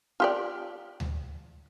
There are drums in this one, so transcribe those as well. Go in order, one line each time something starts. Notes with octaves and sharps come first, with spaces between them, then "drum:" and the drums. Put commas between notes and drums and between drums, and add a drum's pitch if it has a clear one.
F4 G4 D5
drum: tom D2